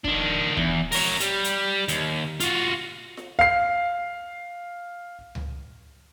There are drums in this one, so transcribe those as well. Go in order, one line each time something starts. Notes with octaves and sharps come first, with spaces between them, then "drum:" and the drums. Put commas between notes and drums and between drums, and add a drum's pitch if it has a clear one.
D#3 D4, drum: kick
E2, drum: kick
A#4 C#5, drum: open hi-hat
G3, drum: hi-hat
drum: hi-hat
D#2, drum: hi-hat
F4 F#4, drum: hi-hat
drum: snare F4
F5 C7
drum: tom C#2